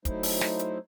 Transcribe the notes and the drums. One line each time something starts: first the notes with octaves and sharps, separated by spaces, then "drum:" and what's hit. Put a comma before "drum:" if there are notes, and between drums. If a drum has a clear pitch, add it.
F#3 A3 D#4 E4 C5, drum: kick, hi-hat
drum: open hi-hat
drum: snare
drum: hi-hat